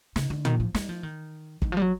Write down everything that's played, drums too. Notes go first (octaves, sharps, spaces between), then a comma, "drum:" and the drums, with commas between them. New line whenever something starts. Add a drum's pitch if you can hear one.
C#3, drum: snare
D3
D#3, drum: tom
F3
G3, drum: snare
F3
D#3
D#3, drum: kick
F3
G3
F#3